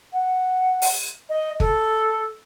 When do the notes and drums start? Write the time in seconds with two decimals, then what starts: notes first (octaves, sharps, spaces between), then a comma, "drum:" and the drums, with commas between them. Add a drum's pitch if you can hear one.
0.13 F#5
0.82 drum: open hi-hat
1.30 D#5
1.60 A4, drum: kick G1